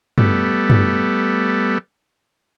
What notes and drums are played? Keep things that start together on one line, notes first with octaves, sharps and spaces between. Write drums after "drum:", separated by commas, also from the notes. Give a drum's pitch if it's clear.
G3 A3 B3, drum: tom
drum: tom